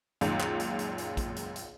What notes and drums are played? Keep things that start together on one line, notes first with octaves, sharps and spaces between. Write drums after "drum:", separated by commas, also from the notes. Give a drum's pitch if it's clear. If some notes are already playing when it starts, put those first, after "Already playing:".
C#2 F#2 A#2 D#3, drum: hi-hat
drum: clap
drum: hi-hat
drum: hi-hat
drum: hi-hat
drum: kick, hi-hat
drum: hi-hat
drum: hi-hat